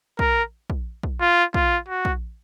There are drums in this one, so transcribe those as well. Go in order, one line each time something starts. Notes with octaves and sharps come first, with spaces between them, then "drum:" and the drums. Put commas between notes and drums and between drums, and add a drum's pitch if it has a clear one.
A#4, drum: kick
drum: kick
drum: kick
F4
F4, drum: kick
F#4
drum: kick